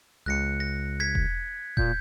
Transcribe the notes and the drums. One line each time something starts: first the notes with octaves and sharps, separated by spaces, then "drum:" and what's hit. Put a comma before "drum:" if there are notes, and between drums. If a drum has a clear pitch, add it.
C#2 F#6 A#6 C#7
A#6
G#6 B6
drum: kick E1
A#2 G6, drum: kick E1